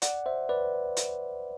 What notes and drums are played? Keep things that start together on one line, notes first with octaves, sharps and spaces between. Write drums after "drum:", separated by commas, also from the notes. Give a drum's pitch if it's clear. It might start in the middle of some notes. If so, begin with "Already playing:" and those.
D5 F#5, drum: hi-hat
C5 E5
B4 D5
drum: hi-hat